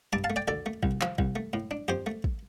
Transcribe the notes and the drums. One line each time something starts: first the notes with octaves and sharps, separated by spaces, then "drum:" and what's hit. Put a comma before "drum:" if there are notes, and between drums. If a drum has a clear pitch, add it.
G2 A5 D6
F5 A5
A3
D5 G5
D2 A4 D5
A3
C2, drum: kick
F3, drum: clap
C2, drum: kick
A3
A2
D4
F2 G4 C5
A3
drum: kick